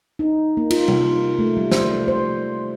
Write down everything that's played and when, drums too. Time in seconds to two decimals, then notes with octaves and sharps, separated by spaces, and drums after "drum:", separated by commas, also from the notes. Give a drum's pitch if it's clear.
0.19 D#4
0.57 A#3
0.70 F4, drum: cymbal
0.88 C3, drum: tom G3
1.39 A3
1.57 G3
1.72 C5, drum: snare
2.08 C5